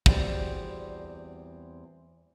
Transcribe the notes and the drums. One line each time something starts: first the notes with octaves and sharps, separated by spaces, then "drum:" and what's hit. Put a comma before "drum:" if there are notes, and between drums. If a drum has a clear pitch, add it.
E2 G3 C4 F#4 D5, drum: kick